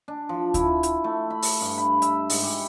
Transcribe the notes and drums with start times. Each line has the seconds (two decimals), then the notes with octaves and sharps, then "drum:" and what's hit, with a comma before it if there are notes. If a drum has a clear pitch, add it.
0.08 D4
0.29 F3
0.54 E4, drum: kick D2, hi-hat
0.83 drum: hi-hat
1.04 A3
1.30 B5
1.42 drum: open hi-hat
1.61 G2
1.78 B5
2.02 E5, drum: hi-hat
2.30 G#2, drum: open hi-hat
2.43 G4